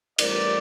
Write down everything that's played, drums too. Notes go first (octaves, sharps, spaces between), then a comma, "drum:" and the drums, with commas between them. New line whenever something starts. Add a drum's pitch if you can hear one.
A1 A2 G3 A#4 D5, drum: cymbal